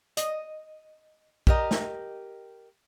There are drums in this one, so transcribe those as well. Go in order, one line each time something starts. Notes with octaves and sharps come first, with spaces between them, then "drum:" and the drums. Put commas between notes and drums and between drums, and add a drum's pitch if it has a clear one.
D#5, drum: hi-hat
G4 A#4 D#5, drum: kick
drum: snare